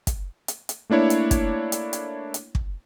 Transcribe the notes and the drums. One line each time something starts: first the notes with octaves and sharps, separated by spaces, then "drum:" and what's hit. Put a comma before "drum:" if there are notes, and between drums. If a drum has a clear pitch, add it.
drum: kick, hi-hat
drum: hi-hat
drum: hi-hat
A3 A#3 D4 E4 C#5
drum: hi-hat
drum: kick, hi-hat
drum: hi-hat
drum: hi-hat
drum: hi-hat
drum: kick